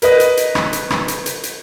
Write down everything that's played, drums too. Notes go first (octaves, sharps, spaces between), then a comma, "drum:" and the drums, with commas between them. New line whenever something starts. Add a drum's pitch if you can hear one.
A#4 B4 D#5, drum: hi-hat
drum: hi-hat
drum: hi-hat
drum: rim click
drum: hi-hat
drum: rim click
drum: hi-hat
drum: hi-hat
drum: hi-hat